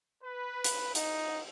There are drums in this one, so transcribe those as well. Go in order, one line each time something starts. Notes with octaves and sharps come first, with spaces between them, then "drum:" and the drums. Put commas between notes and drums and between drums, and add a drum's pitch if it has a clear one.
B4
drum: hi-hat
D#4, drum: hi-hat